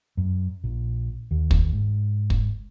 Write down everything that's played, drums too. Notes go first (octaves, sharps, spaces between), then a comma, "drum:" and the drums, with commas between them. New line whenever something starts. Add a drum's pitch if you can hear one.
F#2
A#1
D#2
drum: kick
G#2
drum: kick